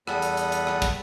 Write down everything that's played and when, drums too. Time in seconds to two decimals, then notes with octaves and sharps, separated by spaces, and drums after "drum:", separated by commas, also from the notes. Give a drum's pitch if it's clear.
0.07 E2 G3 A4 F#5 B5 D#6, drum: rim click
0.22 drum: hi-hat
0.37 drum: hi-hat
0.52 drum: hi-hat
0.67 drum: rim click
0.82 drum: kick, hi-hat